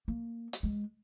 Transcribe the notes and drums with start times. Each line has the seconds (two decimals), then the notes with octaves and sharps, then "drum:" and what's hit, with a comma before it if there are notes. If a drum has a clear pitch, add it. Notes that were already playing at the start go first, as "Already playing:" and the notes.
0.08 A#3
0.53 drum: hi-hat
0.63 G#3